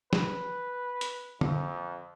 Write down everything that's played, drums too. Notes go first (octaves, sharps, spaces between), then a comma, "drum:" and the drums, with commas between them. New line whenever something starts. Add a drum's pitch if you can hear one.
B4, drum: snare
drum: hi-hat
F2, drum: tom D3